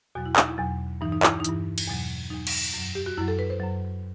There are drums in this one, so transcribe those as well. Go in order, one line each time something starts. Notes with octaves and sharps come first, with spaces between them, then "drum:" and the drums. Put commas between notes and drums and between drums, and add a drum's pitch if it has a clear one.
E2 B2 F#3 F#4
E4
D#4, drum: clap
E4
E2 B2 F#3
G2 E3 D#4
D#4
E4, drum: clap
D#4
G2 E3 E4, drum: hi-hat
drum: cymbal
E2 B2 F#3
E2 B2 F#3 D#4
drum: cymbal
F#2 F#3
G4
F#4
F#2 F#3 E4
A4
B4
C5
F#2 F#3